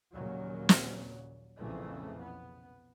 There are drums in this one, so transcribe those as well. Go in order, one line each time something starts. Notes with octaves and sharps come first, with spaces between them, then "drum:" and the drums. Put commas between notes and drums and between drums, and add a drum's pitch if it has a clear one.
A#1 D#2 A#2 C#3 F#3
drum: snare
B1 F2 A#2 C#3 E3 A3
B3